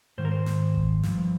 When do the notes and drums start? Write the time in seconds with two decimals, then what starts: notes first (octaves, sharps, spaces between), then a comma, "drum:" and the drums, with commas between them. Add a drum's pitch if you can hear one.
0.18 G#2 D#3 C5
0.25 A#4
0.32 C5
0.46 drum: snare
0.75 drum: kick G1
1.03 G2 F3, drum: snare